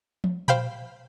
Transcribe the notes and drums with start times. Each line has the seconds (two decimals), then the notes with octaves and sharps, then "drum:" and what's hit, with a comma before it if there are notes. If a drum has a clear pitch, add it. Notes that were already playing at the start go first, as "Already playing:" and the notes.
0.24 drum: tom F3
0.48 C5 F5 G5 B5, drum: tom A#2